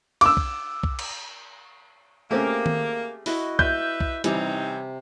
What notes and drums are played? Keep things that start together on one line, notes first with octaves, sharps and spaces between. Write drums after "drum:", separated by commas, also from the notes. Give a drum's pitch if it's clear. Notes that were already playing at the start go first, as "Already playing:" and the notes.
D6 E6, drum: cymbal
drum: kick B1
drum: kick B1
drum: cymbal
A3 A#3 C4 C#4 G4 G#4
drum: tom D#3
E4 F#4 D#5, drum: open hi-hat
B4 E5 G6, drum: kick B1
drum: kick B1
C3 E3 G3 C4 C#4 D#4 A#5, drum: hi-hat